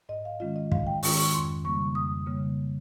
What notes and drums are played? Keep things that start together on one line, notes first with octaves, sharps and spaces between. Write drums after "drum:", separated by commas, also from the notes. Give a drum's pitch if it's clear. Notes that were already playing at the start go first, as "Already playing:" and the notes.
G#2 D#5
F5
D#3 G#3 C#4 F4 D#5
D#5
G#2 F5, drum: kick
G5
D#3 G#3 C#4 F4 C#6, drum: open hi-hat
C#6
F2 C6
C#3 G3 A#3 C#6
F2 D#6
C#3 G3 A#3